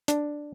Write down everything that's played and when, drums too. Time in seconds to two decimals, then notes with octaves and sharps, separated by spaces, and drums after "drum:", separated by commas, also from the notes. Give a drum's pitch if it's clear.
0.08 D4, drum: hi-hat